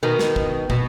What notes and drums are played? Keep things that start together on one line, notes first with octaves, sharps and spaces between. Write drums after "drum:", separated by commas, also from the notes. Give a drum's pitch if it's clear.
B2 D#3
drum: snare
drum: kick
B2, drum: kick